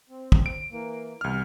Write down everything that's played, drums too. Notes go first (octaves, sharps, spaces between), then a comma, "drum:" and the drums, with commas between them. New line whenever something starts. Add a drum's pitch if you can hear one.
C4
drum: kick
D7
E3 A#3
C2 B2 E3 F6